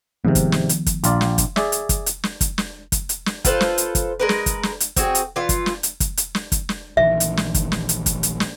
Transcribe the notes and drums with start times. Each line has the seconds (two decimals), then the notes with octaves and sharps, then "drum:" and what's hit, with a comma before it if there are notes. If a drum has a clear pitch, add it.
0.25 G#2 C3 D#3 F3 B3
0.35 drum: kick, hi-hat
0.52 drum: snare
0.69 drum: hi-hat
0.86 drum: kick, hi-hat
1.04 A#1 F4 D5, drum: hi-hat
1.21 drum: snare
1.38 drum: kick, hi-hat
1.56 G#4 D5 E5, drum: snare
1.72 drum: hi-hat
1.89 drum: kick, hi-hat
2.06 drum: hi-hat
2.23 drum: snare
2.41 drum: kick, hi-hat
2.58 drum: snare
2.92 drum: kick, hi-hat
3.09 drum: hi-hat
3.26 drum: snare
3.45 F4 A4 B4 C5, drum: kick, hi-hat
3.61 drum: snare
3.78 drum: hi-hat
3.95 drum: kick, hi-hat
4.20 G#3 A#4 B4
4.29 drum: snare
4.46 drum: kick, hi-hat
4.63 drum: snare
4.80 drum: hi-hat
4.96 C4 F#4 G#4, drum: kick, hi-hat
5.15 drum: hi-hat
5.36 E3 F4
5.49 drum: kick, hi-hat
5.66 drum: snare
5.83 drum: hi-hat
6.00 drum: kick, hi-hat
6.17 drum: hi-hat
6.35 drum: snare
6.52 drum: kick, hi-hat
6.69 drum: snare
6.97 A#1 D#3 E3 E5
7.20 drum: hi-hat
7.37 drum: snare
7.54 drum: kick, hi-hat
7.72 drum: snare
7.89 drum: hi-hat
8.06 drum: kick, hi-hat
8.23 drum: hi-hat
8.40 drum: snare